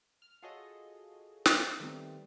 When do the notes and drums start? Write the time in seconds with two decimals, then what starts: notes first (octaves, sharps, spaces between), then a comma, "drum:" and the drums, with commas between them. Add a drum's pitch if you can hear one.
0.22 F6
0.42 F4 F#4 G#4 A4 C#5 D#5
1.46 drum: snare
1.80 D#3 G3 A3 B3 C4